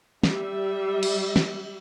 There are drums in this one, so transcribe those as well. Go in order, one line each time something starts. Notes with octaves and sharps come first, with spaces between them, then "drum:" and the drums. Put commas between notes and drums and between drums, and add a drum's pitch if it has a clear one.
G3 E5, drum: snare
drum: cymbal
drum: snare